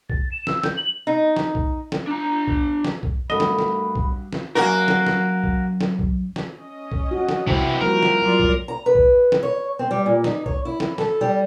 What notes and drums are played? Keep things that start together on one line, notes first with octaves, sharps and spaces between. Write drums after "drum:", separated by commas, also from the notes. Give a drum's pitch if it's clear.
A6, drum: kick B1
E7
E6, drum: snare
G6, drum: snare
F#7
D#4
drum: snare
drum: kick B1
drum: snare
D4 A#5
drum: kick B1
drum: snare
drum: kick B1
G2 A3 A#3 F#4 D#5 B5 G7
drum: snare
drum: snare
drum: kick B1
drum: snare
F#2 A#2 A#3 F#4 A#4
drum: snare
drum: snare
drum: kick B1
drum: snare
drum: kick B1
drum: snare
C#4 D#5
drum: kick B1
F#4
drum: snare
C3 E3 E4 C5, drum: kick B1
F3 G3 A#3 C4 F#4 A#4
drum: snare
F#3 F4 D5 C6
drum: kick B1
A#5
B4
drum: kick B1
drum: snare
C#5
C4
G3
A#2
D#4, drum: snare
C#5, drum: kick B1
E4
drum: snare
A4, drum: snare
G3